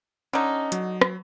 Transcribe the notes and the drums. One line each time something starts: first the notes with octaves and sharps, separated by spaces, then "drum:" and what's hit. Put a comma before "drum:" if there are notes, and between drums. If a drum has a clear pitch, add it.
D3 C#4 D#4
F#3, drum: hi-hat
drum: rim click